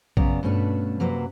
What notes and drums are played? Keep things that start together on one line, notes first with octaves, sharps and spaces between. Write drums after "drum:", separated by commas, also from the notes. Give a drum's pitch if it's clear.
F#2 C#3 B3 D5 A#5, drum: kick
G2 B2 A3 C#4 D4 B4
F#2 C3 F#3 A#3 B4 C5